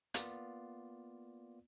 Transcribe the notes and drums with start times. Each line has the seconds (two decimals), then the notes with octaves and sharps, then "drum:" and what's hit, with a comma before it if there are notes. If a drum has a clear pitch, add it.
0.14 A#3 B3 F4 D5, drum: hi-hat